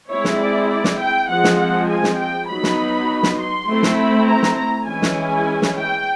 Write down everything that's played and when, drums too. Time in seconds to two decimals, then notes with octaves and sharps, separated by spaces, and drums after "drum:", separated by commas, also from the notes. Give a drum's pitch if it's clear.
0.09 G#3 C4 E4 C#5
0.25 drum: snare
0.39 D5
0.69 D5
0.84 drum: snare
1.00 G5
1.29 F3 G#3 C4 F#5
1.44 drum: snare
1.58 F#5
1.89 G#5
2.04 drum: snare
2.19 G5
2.48 F#3 B3 D#4 B5
2.63 drum: snare
3.23 drum: snare
3.39 C6
3.68 A3 C4 E4
3.83 drum: snare
3.98 B5
4.28 A#5
4.43 drum: snare
4.57 A#5
4.87 E3 G#3 C#4 E4 G#5
5.02 drum: snare
5.62 drum: snare
5.77 G5